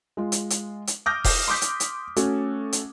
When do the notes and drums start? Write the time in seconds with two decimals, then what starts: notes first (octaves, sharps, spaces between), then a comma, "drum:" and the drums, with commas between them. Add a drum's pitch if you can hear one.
0.17 G#3 F4
0.32 drum: hi-hat
0.50 drum: hi-hat
0.87 drum: hi-hat
1.06 D6 D#6 F6 G6 A#6
1.24 drum: kick E1, open hi-hat
1.48 C6 D6 D#6 G6 B6
1.61 drum: hi-hat
1.80 drum: hi-hat
2.16 A3 C#4 F#4 A4, drum: hi-hat
2.73 drum: hi-hat